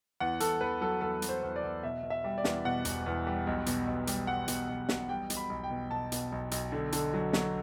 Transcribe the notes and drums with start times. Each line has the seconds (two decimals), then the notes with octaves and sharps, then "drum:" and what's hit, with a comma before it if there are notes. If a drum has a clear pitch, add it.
0.20 E2 F#5
0.40 E2 A4, drum: hi-hat
0.61 E2 B4
0.81 F#3 A4
1.01 E2 A4
1.22 F#3, drum: hi-hat
1.29 C5
1.43 E2
1.56 D5
1.63 E2
1.83 B2 E5
2.03 B2
2.10 E5
2.24 G3
2.38 D5
2.44 E2, drum: snare
2.65 B2 F#5
2.85 E1, drum: hi-hat
3.06 E2
3.26 G3
3.47 B1
3.66 B2, drum: hi-hat
3.87 B1
4.07 G3, drum: hi-hat
4.27 G3 F#5
4.48 B2, drum: hi-hat
4.69 B1
4.89 B1, drum: snare
5.09 G3 G5
5.30 B1, drum: hi-hat
5.37 B5
5.50 B1
5.64 G5
5.70 B2
5.91 B2 A5
6.12 B2, drum: hi-hat
6.32 B1
6.51 B1, drum: hi-hat
6.72 D3
6.92 D3, drum: hi-hat
7.13 F#3
7.33 F#3, drum: snare